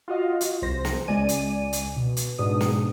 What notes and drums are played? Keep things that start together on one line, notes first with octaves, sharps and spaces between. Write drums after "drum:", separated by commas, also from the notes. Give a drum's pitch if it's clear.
F4 F#4 D#5 F5
drum: hi-hat
C2 C5 A#6
drum: snare
C#2 G#3 D5 G#5 D#7
drum: hi-hat
drum: hi-hat
B2
drum: hi-hat
G#2 B2 D4 D#6
drum: snare